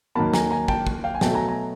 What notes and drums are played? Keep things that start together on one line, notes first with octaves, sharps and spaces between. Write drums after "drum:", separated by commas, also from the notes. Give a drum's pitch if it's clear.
D#2 D#3 F#3 A#3 A5 B5
G#5 A#5, drum: snare
G#5 A#5
G5 A5, drum: kick
drum: kick
F5 G5
G#5
B2 F#3 A3 G5 A5, drum: snare
G#5 A#5
G#5 A#5